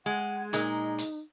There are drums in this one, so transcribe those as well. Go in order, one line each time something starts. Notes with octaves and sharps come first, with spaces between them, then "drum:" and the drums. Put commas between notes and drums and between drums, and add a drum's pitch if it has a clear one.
G#3 F#5
A#2 G#3 D#4 A#4, drum: hi-hat
drum: hi-hat